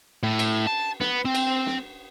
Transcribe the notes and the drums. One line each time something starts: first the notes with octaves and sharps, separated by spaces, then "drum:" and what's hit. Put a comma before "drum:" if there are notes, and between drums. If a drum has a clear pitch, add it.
A2
drum: cymbal
A5
B3, drum: snare
C4
drum: cymbal
drum: snare